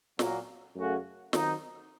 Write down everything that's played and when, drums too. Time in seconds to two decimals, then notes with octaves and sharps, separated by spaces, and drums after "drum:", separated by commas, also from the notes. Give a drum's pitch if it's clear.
0.19 A#2 F#3 A#3, drum: snare
0.76 F#2 C#3 A3 C#4 F#4
1.33 D#3 F#3 C4 D#4, drum: snare